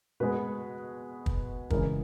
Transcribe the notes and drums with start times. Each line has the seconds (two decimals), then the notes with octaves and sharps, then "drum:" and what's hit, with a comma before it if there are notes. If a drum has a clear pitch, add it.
0.20 B2 G#3 B3 B4
1.26 drum: kick
1.70 C#3 E3 G#3 A#4, drum: kick